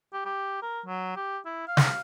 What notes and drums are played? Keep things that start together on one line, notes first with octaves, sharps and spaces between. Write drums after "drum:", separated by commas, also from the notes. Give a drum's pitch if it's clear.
G4
G4
A#4
F#3
G4
E4
F5
drum: snare